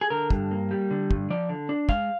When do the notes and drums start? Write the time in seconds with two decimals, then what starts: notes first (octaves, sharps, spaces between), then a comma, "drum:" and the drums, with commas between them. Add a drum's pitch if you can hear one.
0.01 G#4
0.10 D3 A#4
0.30 G2, drum: kick
0.51 A#3
0.71 G3
0.91 D3
1.11 G2, drum: kick
1.30 F3 D5
1.49 D3
1.69 D4
1.89 G#3 F5, drum: kick